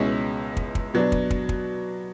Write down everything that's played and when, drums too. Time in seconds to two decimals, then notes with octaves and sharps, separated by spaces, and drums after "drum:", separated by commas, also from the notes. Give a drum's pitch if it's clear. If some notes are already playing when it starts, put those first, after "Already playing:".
Already playing: C#2 B2 G#3 C#4 E4
0.57 drum: kick
0.75 drum: kick
0.94 B2 F#3 B3 D4
1.12 drum: kick
1.30 drum: kick
1.49 drum: kick